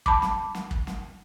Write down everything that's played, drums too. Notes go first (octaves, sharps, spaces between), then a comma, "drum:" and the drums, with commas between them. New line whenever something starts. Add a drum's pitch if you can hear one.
A5 B5 D6, drum: kick
drum: snare
drum: snare
drum: kick
drum: snare